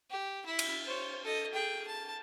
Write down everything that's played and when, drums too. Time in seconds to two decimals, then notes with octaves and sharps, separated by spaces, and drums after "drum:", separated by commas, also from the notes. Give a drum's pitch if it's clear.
0.10 G4
0.45 E4
0.59 drum: cymbal
0.86 C5 C#5
1.24 A4 D#5
1.53 G#4 G5
1.87 A5